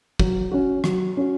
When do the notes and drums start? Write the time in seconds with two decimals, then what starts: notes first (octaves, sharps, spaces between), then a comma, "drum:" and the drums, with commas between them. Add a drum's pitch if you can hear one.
0.19 F#3, drum: kick
0.51 C#4 F#4
0.84 F#3, drum: rim click
1.17 C#4 F#4